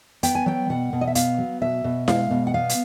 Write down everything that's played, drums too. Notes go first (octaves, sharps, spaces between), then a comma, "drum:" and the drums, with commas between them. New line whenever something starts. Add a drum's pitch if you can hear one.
B3 G5, drum: hi-hat
G#5
F#3 G5
B2 F#5
B2
D#5
E5
B3 F5, drum: hi-hat
F#3
B2 E5
B2
G#3 F5, drum: snare E4
B2
F#5
B3 F5
drum: hi-hat